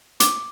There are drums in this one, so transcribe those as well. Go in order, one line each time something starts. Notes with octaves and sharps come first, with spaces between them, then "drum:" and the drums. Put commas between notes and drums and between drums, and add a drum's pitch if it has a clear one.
D6, drum: hi-hat